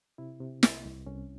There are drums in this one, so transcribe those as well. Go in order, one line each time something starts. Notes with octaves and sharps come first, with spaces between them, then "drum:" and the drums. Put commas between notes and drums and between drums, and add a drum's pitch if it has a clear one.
C3 E4
C3
C2, drum: snare
C2
C2 C#4